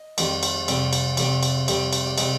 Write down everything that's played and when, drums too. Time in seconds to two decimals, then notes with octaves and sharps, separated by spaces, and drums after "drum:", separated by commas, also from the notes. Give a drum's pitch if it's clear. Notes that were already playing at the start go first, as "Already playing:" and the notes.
Already playing: D#5
0.18 F2 D#3 G3, drum: cymbal
0.43 drum: cymbal
0.68 F2 C3 G3, drum: cymbal
0.93 drum: cymbal
1.17 F2 C3 G3 D5, drum: cymbal
1.43 drum: cymbal
1.68 F2 C3 G3, drum: cymbal
1.93 drum: cymbal
2.06 D5
2.18 C3 G3 D#5, drum: cymbal